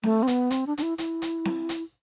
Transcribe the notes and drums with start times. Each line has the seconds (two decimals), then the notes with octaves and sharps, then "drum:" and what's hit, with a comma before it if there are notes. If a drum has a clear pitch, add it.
0.03 A3, drum: snare C4
0.23 C4
0.27 B3, drum: hi-hat
0.50 C4, drum: hi-hat
0.67 D4
0.77 D4, drum: hi-hat
0.82 E4
0.98 E4, drum: hi-hat
1.22 drum: hi-hat
1.45 drum: snare C4
1.69 drum: hi-hat